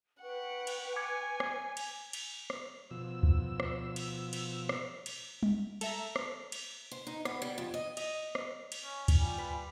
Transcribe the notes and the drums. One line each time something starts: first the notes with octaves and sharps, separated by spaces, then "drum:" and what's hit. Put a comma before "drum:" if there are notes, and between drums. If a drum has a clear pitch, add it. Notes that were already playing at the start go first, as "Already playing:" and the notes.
B4 F#5 G5 C#6
drum: cymbal
G#5 D6 G#6 C#7
drum: rim click
drum: cymbal
drum: cymbal
drum: rim click
B2 F3 E6
drum: kick
drum: rim click
drum: cymbal
drum: cymbal
drum: rim click
drum: cymbal
drum: tom G3
A4 E5 A#5, drum: cymbal
drum: rim click
drum: cymbal
C5
D#4
B3, drum: rim click
G3
F2
D#5
D#5, drum: cymbal
drum: rim click
drum: cymbal
C#4
drum: kick, cymbal
G3 F4 G#5
B4